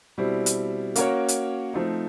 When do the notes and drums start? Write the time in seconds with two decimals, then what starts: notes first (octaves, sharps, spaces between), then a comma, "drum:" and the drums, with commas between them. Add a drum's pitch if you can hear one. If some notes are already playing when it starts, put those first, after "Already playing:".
0.18 B2 G3 C4 E4
0.46 drum: hi-hat
0.96 A#3 C#4 F#4 A#4 C#5, drum: hi-hat
1.28 drum: hi-hat
1.74 F3 A3 C4 D#4